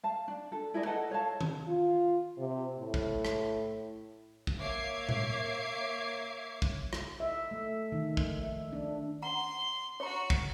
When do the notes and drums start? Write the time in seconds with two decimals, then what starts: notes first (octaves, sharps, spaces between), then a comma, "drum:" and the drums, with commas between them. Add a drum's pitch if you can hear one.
0.04 F5 A5
0.28 D4
0.52 A4
0.74 E4 G#4 A#4 D5
0.86 A4 B4 D#5 F#5
1.10 A4 C#5 F5 A5
1.41 drum: tom D#3
1.68 F4
2.38 C3
2.79 A2
2.94 drum: kick
3.25 drum: rim click
4.47 drum: kick
4.59 A#3 C#5 E5 D6 G#6 C7
5.09 drum: tom A#2
6.62 drum: kick
6.93 drum: rim click
7.20 E5
7.51 A3
7.92 D#3
8.17 F3, drum: kick
8.42 E5
8.73 D4
9.23 F#5 A#5 C6
10.00 F#4 C#5 A#5 C#6
10.30 drum: kick